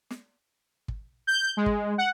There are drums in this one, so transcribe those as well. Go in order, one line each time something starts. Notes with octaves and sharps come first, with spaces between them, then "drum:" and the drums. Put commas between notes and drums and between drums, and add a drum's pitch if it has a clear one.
drum: snare
drum: kick
G6
G#3
drum: kick
F#5